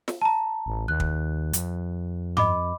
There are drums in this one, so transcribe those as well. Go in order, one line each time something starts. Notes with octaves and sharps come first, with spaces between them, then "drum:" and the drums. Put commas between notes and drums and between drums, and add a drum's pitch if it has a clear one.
drum: snare
A5 A#5
A1
D#2 F#6
drum: kick
F2, drum: hi-hat
D#5 B5 D6, drum: tom G2